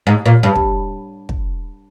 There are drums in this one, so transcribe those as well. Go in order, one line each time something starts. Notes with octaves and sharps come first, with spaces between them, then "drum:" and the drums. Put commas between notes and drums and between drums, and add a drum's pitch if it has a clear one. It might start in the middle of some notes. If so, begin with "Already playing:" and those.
G#2
A#2
G2
drum: kick
drum: kick